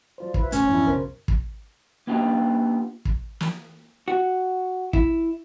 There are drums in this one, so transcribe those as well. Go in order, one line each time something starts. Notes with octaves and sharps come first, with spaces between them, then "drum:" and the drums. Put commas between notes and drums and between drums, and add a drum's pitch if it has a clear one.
F#3 F4 C5 D5
E4 B4, drum: kick
E1 A#2 A3 C#4 C5 C#5 G#6, drum: hi-hat
F2 G#2 E3 F3 B3 D4 E4
B1 F#2 C#3 A#4 C5
drum: kick
A#3 B3 D4 F4 G4
drum: kick
drum: snare
F#4
E4, drum: kick